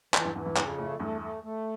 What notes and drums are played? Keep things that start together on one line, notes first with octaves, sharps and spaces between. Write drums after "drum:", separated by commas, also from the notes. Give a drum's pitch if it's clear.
F2 E3, drum: clap
E2 G2
E2 G2 E3
E2 G2
E2 G2 C#3, drum: clap
F2
F2 A2 A3
F2
E2 G2 A3
A3
A3